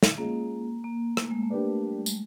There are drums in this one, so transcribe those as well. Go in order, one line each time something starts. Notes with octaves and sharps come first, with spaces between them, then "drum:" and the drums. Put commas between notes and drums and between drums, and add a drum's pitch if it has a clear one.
drum: snare
G#3 A#3 C#4 F4 G#4
A#3
A3, drum: rim click
G#3
A3
A#3 D4 G4 B4 D5
G3
G#3, drum: tambourine